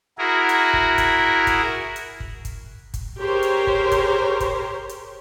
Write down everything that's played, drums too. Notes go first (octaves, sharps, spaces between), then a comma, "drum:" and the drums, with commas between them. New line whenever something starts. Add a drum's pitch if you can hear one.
E4 F#4 G#4 A#4
drum: hi-hat
drum: kick
drum: kick, hi-hat
drum: kick, hi-hat
drum: hi-hat
drum: kick
drum: kick, hi-hat
drum: kick, hi-hat
G4 G#4 A#4 C5 C#5
drum: hi-hat
drum: kick
drum: kick, hi-hat
drum: kick, hi-hat
drum: hi-hat